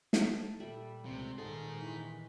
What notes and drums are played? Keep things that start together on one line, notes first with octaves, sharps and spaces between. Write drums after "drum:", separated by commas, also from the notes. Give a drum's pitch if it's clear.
A4, drum: snare
A#2 G3 E5 B5
C#2 C3 A3
A#2 D#3 D#4 G#4 A4
E3 B6